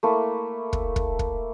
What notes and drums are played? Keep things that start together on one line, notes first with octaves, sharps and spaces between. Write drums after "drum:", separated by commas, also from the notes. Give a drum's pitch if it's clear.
A3 A#3 E4
drum: kick
drum: kick
drum: kick